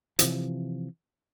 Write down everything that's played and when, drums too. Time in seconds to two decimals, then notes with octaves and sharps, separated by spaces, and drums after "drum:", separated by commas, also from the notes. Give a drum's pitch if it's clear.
0.19 C3 E3 F3, drum: hi-hat